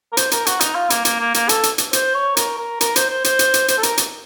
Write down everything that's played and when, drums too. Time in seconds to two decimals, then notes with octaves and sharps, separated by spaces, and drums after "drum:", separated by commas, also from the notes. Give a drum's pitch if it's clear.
0.13 A#4
0.17 C5, drum: hi-hat
0.31 A#4, drum: hi-hat
0.46 F#4, drum: hi-hat
0.60 D#4, drum: hi-hat
0.75 F4
0.90 A#3, drum: hi-hat
1.05 A#3, drum: hi-hat
1.20 A#3
1.34 A#3, drum: hi-hat
1.49 A4, drum: hi-hat
1.63 drum: hi-hat
1.78 drum: hi-hat
1.93 C5, drum: hi-hat
2.14 C#5
2.37 A#4, drum: hi-hat
2.59 A#4
2.81 A#4, drum: hi-hat
2.96 C5, drum: hi-hat
3.09 C5
3.24 C5, drum: hi-hat
3.39 drum: hi-hat
3.54 drum: hi-hat
3.68 C5, drum: hi-hat
3.78 A4
3.83 A#4, drum: hi-hat
3.98 drum: hi-hat